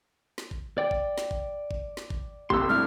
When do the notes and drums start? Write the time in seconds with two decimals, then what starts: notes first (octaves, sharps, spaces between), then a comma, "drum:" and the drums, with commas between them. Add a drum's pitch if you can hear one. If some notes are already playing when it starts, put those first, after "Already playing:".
0.38 drum: snare
0.51 drum: kick G#1
0.78 D5 G5
0.91 drum: kick G#1
1.18 drum: snare
1.31 drum: kick G#1
1.71 drum: kick G#1
1.97 drum: snare
2.10 drum: kick G#1
2.50 G1 C2 F2 G4 C6 E6, drum: kick G#1
2.69 G2 A3 E4 F6